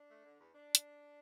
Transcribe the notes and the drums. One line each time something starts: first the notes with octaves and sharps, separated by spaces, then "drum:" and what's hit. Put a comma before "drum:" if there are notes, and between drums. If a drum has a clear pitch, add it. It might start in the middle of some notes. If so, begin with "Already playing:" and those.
Already playing: D4
A3
D3
E2
D4
drum: hi-hat